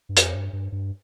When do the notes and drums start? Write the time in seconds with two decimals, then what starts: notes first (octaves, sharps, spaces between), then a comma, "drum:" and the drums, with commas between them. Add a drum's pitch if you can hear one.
0.09 G2
0.17 F2, drum: hi-hat
0.35 G2
0.53 G2
0.72 G2